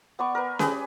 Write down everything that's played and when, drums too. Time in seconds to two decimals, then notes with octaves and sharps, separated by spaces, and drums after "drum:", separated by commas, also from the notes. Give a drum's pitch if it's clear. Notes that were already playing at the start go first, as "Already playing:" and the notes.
0.19 B3 D5 C#6
0.35 A#4 B4
0.59 G4 G#4 B4, drum: snare C#4